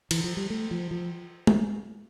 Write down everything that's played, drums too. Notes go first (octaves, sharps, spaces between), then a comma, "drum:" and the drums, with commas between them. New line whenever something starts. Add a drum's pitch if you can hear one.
E3, drum: cymbal
F3
G3
A3
F3
F3
drum: tom G#3